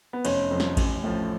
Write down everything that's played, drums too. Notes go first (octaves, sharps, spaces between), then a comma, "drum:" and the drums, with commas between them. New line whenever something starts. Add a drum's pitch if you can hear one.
B3
F1 C#4, drum: cymbal
F2 F3
drum: snare
A1, drum: kick A1, cymbal
A2 F3